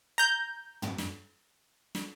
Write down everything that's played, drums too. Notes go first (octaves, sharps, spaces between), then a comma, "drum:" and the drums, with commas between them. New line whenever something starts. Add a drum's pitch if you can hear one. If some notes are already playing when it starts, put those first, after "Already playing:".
A#5 G6
drum: tom
drum: snare
drum: snare